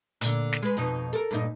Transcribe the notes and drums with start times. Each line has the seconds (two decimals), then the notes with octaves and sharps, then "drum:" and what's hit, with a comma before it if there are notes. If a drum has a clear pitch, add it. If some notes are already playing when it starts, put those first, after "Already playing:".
0.21 A#2 D3, drum: hi-hat
0.52 drum: snare
0.62 G#3 B4
0.77 F2 B2 D#4
1.13 A4 A#4
1.31 G2 A#2 D#4